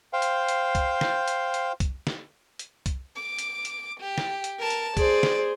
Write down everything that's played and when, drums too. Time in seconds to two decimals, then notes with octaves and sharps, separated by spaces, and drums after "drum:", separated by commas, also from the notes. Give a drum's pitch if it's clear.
0.13 C5 F5 G5
0.22 drum: hi-hat
0.49 drum: hi-hat
0.75 drum: kick C2, hi-hat
1.01 drum: snare
1.28 drum: hi-hat
1.54 drum: hi-hat
1.80 drum: kick C2, hi-hat
2.07 drum: snare
2.59 drum: hi-hat
2.86 drum: kick C2, hi-hat
3.16 D6
3.39 drum: hi-hat
3.65 drum: hi-hat
4.00 G4
4.18 drum: snare
4.44 drum: hi-hat
4.59 A#4 A5
4.70 drum: hi-hat
4.97 G#4 C5 D5, drum: kick C2, hi-hat
5.23 drum: snare